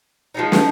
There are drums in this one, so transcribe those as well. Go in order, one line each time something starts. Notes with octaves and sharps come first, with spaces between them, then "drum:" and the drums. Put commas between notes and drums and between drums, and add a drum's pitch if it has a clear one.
F3 G#3 B3 D#4
drum: snare